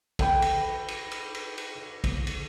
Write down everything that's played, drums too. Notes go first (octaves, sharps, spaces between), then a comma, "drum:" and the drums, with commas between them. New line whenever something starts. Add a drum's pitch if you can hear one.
A4 G5 B5, drum: kick, cymbal
drum: cymbal
drum: cymbal
drum: cymbal
drum: cymbal
drum: cymbal
drum: kick, cymbal
drum: cymbal